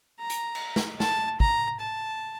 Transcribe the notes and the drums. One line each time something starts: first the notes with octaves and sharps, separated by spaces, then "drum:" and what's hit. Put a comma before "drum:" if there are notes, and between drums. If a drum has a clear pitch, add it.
A#5
drum: hi-hat
drum: cymbal
drum: snare
A5, drum: snare
A#5, drum: kick
A5